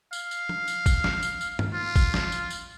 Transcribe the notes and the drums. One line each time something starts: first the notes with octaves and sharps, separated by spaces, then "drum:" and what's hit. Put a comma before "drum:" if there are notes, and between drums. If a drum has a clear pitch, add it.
F5, drum: tambourine
drum: tambourine
drum: tom F3
drum: tambourine
drum: kick, tambourine
drum: snare
drum: tambourine
drum: tambourine
drum: tom G2
F4
drum: kick, tambourine
drum: snare
drum: tambourine
drum: tambourine